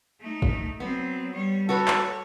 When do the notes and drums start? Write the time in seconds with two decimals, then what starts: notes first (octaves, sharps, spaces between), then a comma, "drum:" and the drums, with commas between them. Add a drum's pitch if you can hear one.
0.21 A3 D#4
0.42 drum: kick G1
0.80 F#3 B3 C4
1.33 G3 C#5
1.69 F#4 A4 B4 C#5
1.88 drum: clap